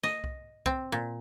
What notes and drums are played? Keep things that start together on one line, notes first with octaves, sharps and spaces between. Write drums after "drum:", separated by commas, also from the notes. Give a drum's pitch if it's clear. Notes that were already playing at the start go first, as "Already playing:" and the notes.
D#5, drum: snare
drum: kick C2
C4, drum: kick C2
A#2